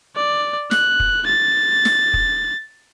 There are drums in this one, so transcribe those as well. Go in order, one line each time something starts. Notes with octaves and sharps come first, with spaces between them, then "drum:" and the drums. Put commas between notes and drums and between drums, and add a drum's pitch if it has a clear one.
D5
F#6, drum: snare
drum: kick
A6
drum: snare
drum: kick